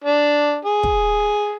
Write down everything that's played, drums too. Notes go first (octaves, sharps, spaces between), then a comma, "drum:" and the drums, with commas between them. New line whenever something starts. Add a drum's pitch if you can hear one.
D4
G#4
drum: kick